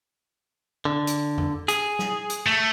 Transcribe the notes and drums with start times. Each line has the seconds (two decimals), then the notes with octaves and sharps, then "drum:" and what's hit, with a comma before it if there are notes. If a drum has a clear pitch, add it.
0.85 D3
1.07 drum: hi-hat
1.38 drum: tom E2
1.68 G#4, drum: hi-hat
1.99 drum: snare
2.30 drum: hi-hat
2.46 A3